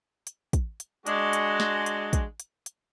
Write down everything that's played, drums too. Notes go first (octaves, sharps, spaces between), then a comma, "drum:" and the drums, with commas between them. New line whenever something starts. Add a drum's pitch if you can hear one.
drum: hi-hat
drum: kick, hi-hat
drum: hi-hat
G#3 D4 F#4, drum: hi-hat
drum: hi-hat
drum: snare
drum: hi-hat
drum: kick, hi-hat
drum: hi-hat
drum: hi-hat